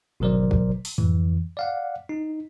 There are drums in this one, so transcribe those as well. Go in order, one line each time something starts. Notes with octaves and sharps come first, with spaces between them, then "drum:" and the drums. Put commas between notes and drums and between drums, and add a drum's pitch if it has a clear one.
G#1 B2 F#3 A#4 C5 D5
drum: kick
drum: open hi-hat
F2 E3, drum: tom G#2
D5 F5 F#5
D#4